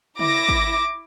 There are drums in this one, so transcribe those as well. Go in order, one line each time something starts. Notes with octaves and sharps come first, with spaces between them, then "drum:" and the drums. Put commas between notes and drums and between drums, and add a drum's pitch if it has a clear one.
E4 D6 A#6, drum: tom
drum: kick